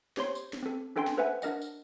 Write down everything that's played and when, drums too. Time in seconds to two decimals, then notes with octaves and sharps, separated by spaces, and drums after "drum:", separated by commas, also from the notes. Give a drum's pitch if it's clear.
0.17 G4 C5 C#5 C6, drum: snare
0.35 drum: tambourine
0.53 drum: snare
0.63 C4 A4
0.96 C#4 D4 A4 G5 G#5 C6
1.07 drum: snare
1.17 A4 B4 C5 E5 F#5 G#5
1.42 D4 A#4 D#5 F#5, drum: tambourine
1.62 drum: tambourine